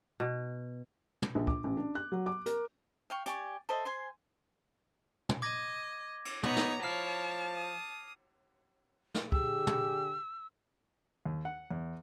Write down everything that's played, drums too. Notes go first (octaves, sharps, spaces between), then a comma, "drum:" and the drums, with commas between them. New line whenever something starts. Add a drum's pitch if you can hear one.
B2
drum: tom
A#1
D6, drum: kick
A1
D4
F#6
F#3
D6
A#4, drum: hi-hat
F5 G5 C#6
G4 D5 G#5 C#6, drum: hi-hat
A4 C5 D#5 E5
C5 G#5 C6
drum: tom
D#5 D6 G#6 A#6
drum: cymbal
B3 D#4 C#5 A#5, drum: tom
drum: snare
F3 E4 C#5 A5 F6 C7 F7
D#6
drum: snare
D3 G4 G#4 E6, drum: kick
drum: tom
D#2
F#5
E2